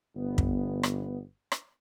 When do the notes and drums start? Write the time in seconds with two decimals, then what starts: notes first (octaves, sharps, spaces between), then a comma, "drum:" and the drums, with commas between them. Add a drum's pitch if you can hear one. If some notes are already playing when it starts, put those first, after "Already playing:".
0.15 G1 B3
0.38 drum: kick
0.83 drum: rim click
1.52 drum: rim click